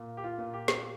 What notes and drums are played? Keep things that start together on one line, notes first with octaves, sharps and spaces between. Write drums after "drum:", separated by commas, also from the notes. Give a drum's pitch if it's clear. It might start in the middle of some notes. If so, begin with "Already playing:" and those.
Already playing: A#2
G4
F4
A#2
G4
drum: snare